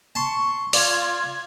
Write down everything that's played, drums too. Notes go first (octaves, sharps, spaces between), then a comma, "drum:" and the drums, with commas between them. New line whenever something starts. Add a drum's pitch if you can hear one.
A5 C6 C#6
F4 D5 G#6, drum: open hi-hat